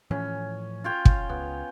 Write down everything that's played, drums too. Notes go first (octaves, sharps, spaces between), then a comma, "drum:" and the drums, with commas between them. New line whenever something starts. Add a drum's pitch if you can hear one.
A2 E3 F3 C#4
F4 C#5 G5
drum: kick
C#2 B3